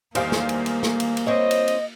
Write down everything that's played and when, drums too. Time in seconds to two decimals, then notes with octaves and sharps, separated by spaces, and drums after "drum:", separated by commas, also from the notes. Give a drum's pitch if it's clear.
0.15 E2 D#3 G3 A#3 C5 F5, drum: cymbal
0.32 drum: snare
0.49 drum: cymbal
0.66 drum: cymbal
0.83 drum: snare
1.00 drum: cymbal
1.17 drum: cymbal
1.26 C4 E4 C#5 D#5
1.51 drum: cymbal
1.68 drum: cymbal